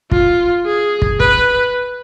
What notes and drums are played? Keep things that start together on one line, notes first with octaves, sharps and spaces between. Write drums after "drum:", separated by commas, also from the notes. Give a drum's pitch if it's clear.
F4, drum: kick
G#4
drum: kick
B4, drum: kick